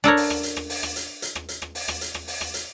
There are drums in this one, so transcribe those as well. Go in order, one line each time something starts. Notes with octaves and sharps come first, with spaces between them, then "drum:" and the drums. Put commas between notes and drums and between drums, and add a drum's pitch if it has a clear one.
D4 A4 A#4 C#5, drum: rim click
drum: open hi-hat
drum: rim click
drum: hi-hat
drum: rim click
drum: open hi-hat
drum: rim click
drum: hi-hat
drum: hi-hat
drum: rim click
drum: hi-hat
drum: rim click
drum: open hi-hat
drum: rim click
drum: hi-hat
drum: rim click
drum: open hi-hat
drum: rim click
drum: hi-hat